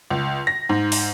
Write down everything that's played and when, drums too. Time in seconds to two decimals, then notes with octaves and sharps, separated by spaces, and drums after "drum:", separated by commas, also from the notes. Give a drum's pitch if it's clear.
0.11 C#2
0.47 A#6
0.69 G#2
0.92 drum: open hi-hat